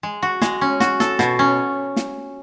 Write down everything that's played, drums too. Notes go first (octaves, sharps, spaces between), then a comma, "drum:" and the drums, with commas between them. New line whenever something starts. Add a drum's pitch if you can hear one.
G#3
F#4
G#3, drum: snare
C#4
F#4, drum: snare
A4, drum: snare
B2, drum: snare
C#4
drum: snare